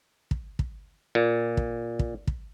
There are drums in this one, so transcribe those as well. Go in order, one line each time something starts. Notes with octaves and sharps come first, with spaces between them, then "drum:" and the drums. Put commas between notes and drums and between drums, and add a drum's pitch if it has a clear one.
drum: kick
drum: kick
A#2
drum: kick
drum: kick
drum: kick